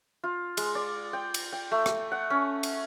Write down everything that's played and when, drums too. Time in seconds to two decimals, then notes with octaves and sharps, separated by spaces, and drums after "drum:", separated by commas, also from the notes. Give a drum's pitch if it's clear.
0.24 F4
0.57 G#3, drum: cymbal
0.75 D5
1.13 G5
1.34 drum: cymbal
1.53 G5
1.71 A3
1.86 drum: rim click
2.12 F#5
2.30 C#4
2.63 drum: cymbal